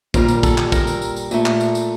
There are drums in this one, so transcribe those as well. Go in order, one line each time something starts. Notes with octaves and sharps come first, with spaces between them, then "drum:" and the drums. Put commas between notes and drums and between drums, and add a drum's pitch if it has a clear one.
A#2 G3 A#4, drum: kick, tambourine
drum: tambourine
A4, drum: kick, tambourine
drum: clap
A#4, drum: kick, tambourine
drum: tambourine
drum: tambourine
drum: tambourine
A#2 A3, drum: tambourine
drum: clap
drum: tambourine
drum: tambourine